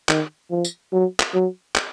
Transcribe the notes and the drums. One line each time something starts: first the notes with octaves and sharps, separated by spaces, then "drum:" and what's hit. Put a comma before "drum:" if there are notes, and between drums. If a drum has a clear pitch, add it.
D#3, drum: clap
F3
drum: tambourine
F#3
drum: clap
F#3
drum: clap